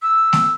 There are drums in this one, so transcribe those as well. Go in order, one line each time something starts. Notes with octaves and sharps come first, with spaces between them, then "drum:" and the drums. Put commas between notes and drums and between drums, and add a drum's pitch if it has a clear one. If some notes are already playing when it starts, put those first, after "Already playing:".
E6
drum: snare A3